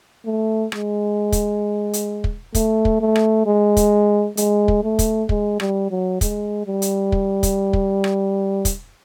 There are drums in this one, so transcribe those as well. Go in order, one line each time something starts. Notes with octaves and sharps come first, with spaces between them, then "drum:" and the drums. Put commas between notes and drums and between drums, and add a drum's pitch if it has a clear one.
A3
G#3, drum: rim click
drum: kick, hi-hat
drum: hi-hat
drum: kick
A3, drum: kick, hi-hat
drum: kick
A3
drum: rim click
G#3
drum: kick, hi-hat
G#3, drum: hi-hat
drum: kick
A3
drum: kick, hi-hat
G#3, drum: kick
G3, drum: rim click
F#3
G#3, drum: kick, hi-hat
G3
drum: hi-hat
drum: kick
drum: kick, hi-hat
drum: kick
drum: rim click
drum: kick, hi-hat